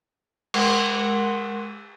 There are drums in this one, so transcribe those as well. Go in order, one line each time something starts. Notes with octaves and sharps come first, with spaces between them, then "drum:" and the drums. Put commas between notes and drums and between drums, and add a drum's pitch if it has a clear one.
G#3 A#4 F#5 C6, drum: cymbal